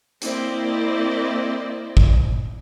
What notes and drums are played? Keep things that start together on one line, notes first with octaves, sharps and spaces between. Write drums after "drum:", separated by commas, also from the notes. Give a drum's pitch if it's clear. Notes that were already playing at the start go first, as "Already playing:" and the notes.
A#3 C4 E4 C5 D5 D#5, drum: hi-hat
drum: kick